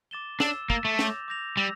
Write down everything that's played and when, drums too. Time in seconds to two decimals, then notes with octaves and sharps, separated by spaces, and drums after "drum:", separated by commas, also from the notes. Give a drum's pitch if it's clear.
0.11 D6 A6 E7 G7
0.40 D4 E6 A6 E7, drum: snare
0.70 A#3 E6 A6 E7, drum: kick
0.85 A3
0.99 D6 G6 A#6 F7, drum: snare
1.28 D6 G6 A#6 F7
1.57 G3 E6 A#6